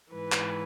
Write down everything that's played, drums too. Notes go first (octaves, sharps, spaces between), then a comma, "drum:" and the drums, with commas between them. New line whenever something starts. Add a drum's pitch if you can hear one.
G#2 E3 B4
drum: clap